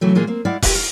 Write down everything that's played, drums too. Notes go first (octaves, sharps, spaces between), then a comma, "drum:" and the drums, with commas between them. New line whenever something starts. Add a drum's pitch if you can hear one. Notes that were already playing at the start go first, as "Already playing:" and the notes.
C#3 E3 F#3 A3
A#2 E3 G#3 A#3 F4 G#4
A#3 C4
G#3 E4 D5 F5 F#5
G4 B4 E5 G#5, drum: kick E1, open hi-hat
F5